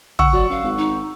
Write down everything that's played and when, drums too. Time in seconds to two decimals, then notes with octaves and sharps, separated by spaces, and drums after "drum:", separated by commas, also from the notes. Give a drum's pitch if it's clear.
0.19 F#5 C#6 E6, drum: tom
0.33 F#3 D5
0.50 F#2 F5
0.64 G#1
0.77 D#4